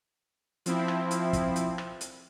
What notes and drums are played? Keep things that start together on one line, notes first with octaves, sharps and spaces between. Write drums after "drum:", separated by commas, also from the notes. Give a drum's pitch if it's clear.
F3 C4 E4, drum: hi-hat
drum: rim click
drum: hi-hat
drum: kick, hi-hat
drum: hi-hat
drum: rim click
drum: hi-hat